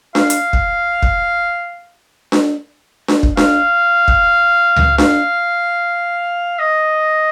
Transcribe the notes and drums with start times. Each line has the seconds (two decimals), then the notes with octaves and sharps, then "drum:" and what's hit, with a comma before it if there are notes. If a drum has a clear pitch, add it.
0.15 F5, drum: snare D4
0.30 drum: hi-hat
0.53 drum: kick
1.02 drum: kick
2.32 drum: snare D4
3.08 drum: snare D4
3.23 drum: kick
3.37 F5, drum: snare D4
4.08 drum: kick
4.76 drum: tom C#2
4.98 F5, drum: snare D4
6.59 D#5